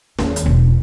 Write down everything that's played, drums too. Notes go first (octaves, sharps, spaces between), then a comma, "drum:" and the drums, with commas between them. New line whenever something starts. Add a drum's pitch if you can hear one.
D#2, drum: snare
drum: hi-hat
E1 E2